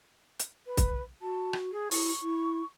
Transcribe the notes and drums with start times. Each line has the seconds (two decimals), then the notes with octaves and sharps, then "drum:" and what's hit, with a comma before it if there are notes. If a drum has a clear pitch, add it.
0.40 drum: hi-hat
0.67 B4
0.77 drum: kick, hi-hat
1.22 F#4 A5
1.53 drum: rim click
1.72 G#4
1.91 E4 C#6, drum: open hi-hat
2.22 E4